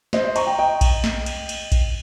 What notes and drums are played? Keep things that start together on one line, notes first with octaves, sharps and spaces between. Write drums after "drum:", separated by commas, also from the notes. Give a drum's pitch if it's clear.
C5 D#5, drum: snare
C5 D#5
A#5 C#6, drum: cymbal
G5 A#5
D#5 G5
drum: kick A#1, cymbal
drum: snare
drum: cymbal
drum: cymbal
drum: kick A#1, cymbal